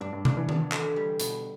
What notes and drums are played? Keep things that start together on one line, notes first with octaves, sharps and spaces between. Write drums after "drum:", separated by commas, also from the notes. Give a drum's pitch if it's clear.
G2 D4
G2
D4, drum: tom C3
E3
D4, drum: tom D#3
D3, drum: clap
G3
B2, drum: hi-hat